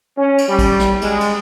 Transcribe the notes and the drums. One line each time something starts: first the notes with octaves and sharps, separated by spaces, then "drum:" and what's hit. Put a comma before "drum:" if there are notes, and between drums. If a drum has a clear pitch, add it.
C#4
drum: cymbal
G3
drum: kick A#1, cymbal
drum: snare
G#3, drum: cymbal
drum: cymbal